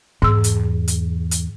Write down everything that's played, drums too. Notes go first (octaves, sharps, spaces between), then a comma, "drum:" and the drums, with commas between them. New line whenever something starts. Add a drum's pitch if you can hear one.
E2 G#2 E6
drum: hi-hat
drum: hi-hat
drum: hi-hat